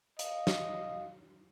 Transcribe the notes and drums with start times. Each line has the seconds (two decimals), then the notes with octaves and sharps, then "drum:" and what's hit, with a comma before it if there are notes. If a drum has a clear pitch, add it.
0.19 D#5 F5, drum: hi-hat
0.47 drum: snare